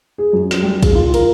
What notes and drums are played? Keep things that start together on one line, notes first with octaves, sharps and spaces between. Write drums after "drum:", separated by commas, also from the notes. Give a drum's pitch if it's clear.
G#4
F#2
drum: snare
G3
G#4, drum: kick, cymbal
F4
A#4, drum: cymbal